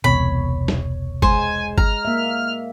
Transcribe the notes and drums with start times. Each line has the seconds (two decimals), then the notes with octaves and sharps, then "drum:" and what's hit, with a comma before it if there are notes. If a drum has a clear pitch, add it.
0.04 E1 C2 B2 C#5 B5
0.68 drum: snare
1.22 G#3 C5 G#5, drum: kick G1
1.78 A#5 F6, drum: kick G1
2.05 A#3 E5